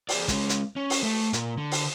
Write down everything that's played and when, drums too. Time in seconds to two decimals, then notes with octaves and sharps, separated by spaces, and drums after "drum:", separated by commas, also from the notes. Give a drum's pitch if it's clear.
0.09 G#4 D5, drum: open hi-hat
0.28 G#3 C#4, drum: kick, hi-hat
0.49 drum: hi-hat
0.76 C#4
0.90 drum: open hi-hat
1.03 A3
1.33 A#2 A#3, drum: hi-hat
1.58 D3
1.72 drum: open hi-hat